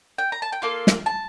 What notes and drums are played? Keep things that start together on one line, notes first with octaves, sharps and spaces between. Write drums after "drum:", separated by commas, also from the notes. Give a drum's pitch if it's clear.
G5
A#5
A5
G5
A#3 F4 A4 F5
drum: snare
A5